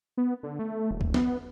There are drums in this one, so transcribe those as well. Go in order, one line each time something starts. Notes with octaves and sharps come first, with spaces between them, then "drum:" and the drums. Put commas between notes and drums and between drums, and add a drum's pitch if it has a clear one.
B3
D3
A3
D#1
drum: kick C#2
B3, drum: snare